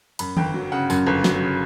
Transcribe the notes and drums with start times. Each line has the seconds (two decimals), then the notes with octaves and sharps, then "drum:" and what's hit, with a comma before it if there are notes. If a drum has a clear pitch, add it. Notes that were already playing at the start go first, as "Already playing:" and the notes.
0.19 F#2 B5, drum: cymbal
0.37 G1 G5, drum: tom D#3
0.54 F#3
0.72 C#3 F#5
0.90 F#2, drum: tambourine
1.07 G1
1.24 F#3, drum: snare
1.42 C#3